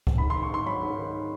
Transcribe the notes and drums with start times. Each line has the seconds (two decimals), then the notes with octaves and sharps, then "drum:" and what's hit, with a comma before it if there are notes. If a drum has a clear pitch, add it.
0.07 drum: kick C#2
0.18 G#2 B5
0.30 C6
0.35 D#3
0.43 C#6
0.50 G#2 C6
0.66 F#3 B5
0.83 G#2
0.98 D#3